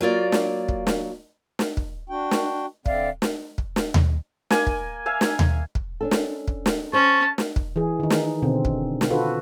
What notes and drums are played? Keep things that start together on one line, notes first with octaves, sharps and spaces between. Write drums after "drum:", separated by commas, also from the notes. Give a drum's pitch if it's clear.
F#3 A#3 F4 D5
drum: snare
drum: kick
drum: snare
drum: snare
drum: kick
D4 F#4 G5
drum: snare
D3 C4 D5 E5 F5, drum: kick
drum: snare
drum: kick
drum: snare
drum: tom D#2
A#3 G#5, drum: snare
drum: kick
E5 F5 G#5
drum: snare
drum: tom D#2
drum: kick
C#4 D4 A4
drum: snare
drum: kick
drum: snare
C#4 C5 A5 C#6
drum: snare
drum: kick
E3 G#4
D#3 D#4
drum: snare
B2 D3 C4
drum: kick
drum: snare
F4 F#4 A4 B4